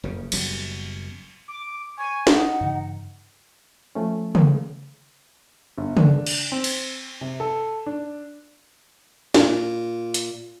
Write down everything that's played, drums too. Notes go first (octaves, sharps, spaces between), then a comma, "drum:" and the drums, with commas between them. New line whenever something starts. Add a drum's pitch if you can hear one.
F#1 F2 C#3
F#1 F#2 B2 G3, drum: cymbal
D6
G#5 C#6
D#4 F#5, drum: snare
G2 C#3 E3
F3 A3 C#4
drum: tom C#3
G1
D4, drum: tom C#3
drum: cymbal
C4
drum: cymbal
C3
A4
D4
A#2, drum: snare
drum: hi-hat